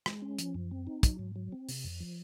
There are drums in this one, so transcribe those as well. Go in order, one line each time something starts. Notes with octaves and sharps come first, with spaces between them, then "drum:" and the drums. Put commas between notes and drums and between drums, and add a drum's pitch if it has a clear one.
G#3, drum: rim click
C#4
F3, drum: hi-hat
F#2
C4
D#4
F#3, drum: kick, hi-hat
G#2
F#3
C4
C3, drum: open hi-hat
F2
F3